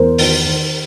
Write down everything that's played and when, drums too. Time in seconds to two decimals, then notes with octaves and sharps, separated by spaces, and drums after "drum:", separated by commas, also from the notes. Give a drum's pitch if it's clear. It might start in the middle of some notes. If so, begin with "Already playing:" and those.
Already playing: E2 A#4 C5
0.18 D#3, drum: open hi-hat
0.45 D#3